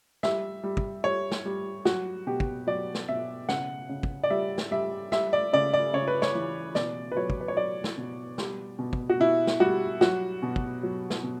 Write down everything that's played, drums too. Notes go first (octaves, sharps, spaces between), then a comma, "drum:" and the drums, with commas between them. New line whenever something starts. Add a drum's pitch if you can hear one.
G3 E5, drum: snare
G3
drum: kick
G3 C#5
drum: snare
G3
F#3 F#4, drum: snare
B2 G4
drum: kick
F#3 D5
drum: snare
B2 E5
C#3 F#5, drum: snare
C#3
drum: kick
D5
G3 E5
drum: snare
G3 E5
G3 E5, drum: snare
D5
C#3 D5
D5
C#3 C#5
B4
C#5, drum: snare
E3
B2 D5, drum: snare
B4
F#3 C#5
drum: kick
B4
C#5
F#3 D5
drum: snare
B2
G3, drum: snare
B2
drum: kick
F#4
B2 E4
drum: snare
G3 F#4
F#3 F#4, drum: snare
B2
drum: kick
F#3
drum: snare
B2